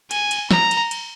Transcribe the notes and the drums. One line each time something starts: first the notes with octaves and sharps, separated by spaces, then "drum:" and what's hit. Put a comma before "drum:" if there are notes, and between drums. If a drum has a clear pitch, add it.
G#5, drum: cymbal
drum: cymbal
A#5, drum: snare
drum: cymbal
drum: cymbal